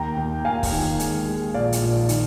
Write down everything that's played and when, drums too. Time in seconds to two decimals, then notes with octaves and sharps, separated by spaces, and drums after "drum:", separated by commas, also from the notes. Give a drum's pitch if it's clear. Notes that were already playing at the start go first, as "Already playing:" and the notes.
Already playing: D#2 G5 A#5
0.17 D#2
0.45 D#2 F5 G#5
0.63 drum: kick, open hi-hat
0.72 D#3
1.00 G#3, drum: hi-hat
1.27 G#3
1.54 A#1 D5 F5
1.72 drum: hi-hat
1.82 A#1
2.09 D#3, drum: hi-hat